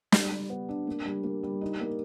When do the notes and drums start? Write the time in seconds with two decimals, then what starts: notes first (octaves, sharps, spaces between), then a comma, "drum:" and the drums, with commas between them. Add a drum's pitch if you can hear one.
0.12 G3, drum: snare
0.31 G3
0.50 B3
0.69 D4
0.87 A#3
1.05 G3
1.24 A#3
1.43 G3
1.61 D#4
1.81 A#3